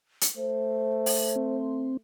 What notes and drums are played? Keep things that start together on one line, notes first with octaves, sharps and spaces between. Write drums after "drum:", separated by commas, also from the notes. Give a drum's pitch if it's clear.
drum: hi-hat
A3 C5
drum: open hi-hat
C4